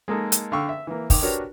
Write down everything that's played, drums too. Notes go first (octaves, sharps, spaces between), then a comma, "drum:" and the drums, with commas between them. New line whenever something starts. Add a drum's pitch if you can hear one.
G#3 A#3 D#4 A4
drum: hi-hat
D3 F5 G5 C#6 E6
E5
E3 A#3
D#3 D6, drum: kick, open hi-hat
D4 F#4 G4 A#4 B4 C#5